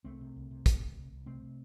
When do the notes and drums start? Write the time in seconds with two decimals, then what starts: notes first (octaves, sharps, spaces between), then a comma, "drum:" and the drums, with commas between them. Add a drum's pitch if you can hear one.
0.04 C2 A3 C4
0.21 C3
0.36 C2
0.51 C3
0.66 C2, drum: kick, hi-hat
0.81 C2
0.96 C2
1.12 C2
1.26 C3 A3 C4
1.42 C3